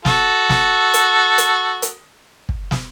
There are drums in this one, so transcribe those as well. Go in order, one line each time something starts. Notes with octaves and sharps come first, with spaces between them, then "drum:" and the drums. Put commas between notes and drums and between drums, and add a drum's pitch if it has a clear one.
F#4 A4, drum: snare
drum: snare
drum: hi-hat
drum: hi-hat
drum: hi-hat
drum: kick
drum: snare